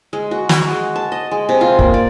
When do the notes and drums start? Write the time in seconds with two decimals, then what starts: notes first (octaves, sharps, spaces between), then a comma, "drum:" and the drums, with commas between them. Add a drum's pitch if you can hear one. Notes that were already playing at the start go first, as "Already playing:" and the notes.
0.13 G#3
0.31 F#4
0.49 F#4, drum: snare
0.71 G#3
0.96 A5
1.12 D#5
1.31 G#3
1.49 C3
1.61 F4
1.79 A#3, drum: kick
1.94 D5